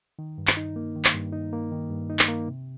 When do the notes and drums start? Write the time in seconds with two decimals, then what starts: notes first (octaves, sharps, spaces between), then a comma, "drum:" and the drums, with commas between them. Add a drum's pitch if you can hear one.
0.19 D#3
0.38 G2
0.47 drum: clap
0.57 D#4
0.76 A#3
0.96 D#3
1.05 drum: clap
1.15 G2
1.33 D#4
1.53 A#3
1.72 D#3
1.90 G2
2.10 D#4
2.19 drum: clap
2.28 A#3
2.48 C3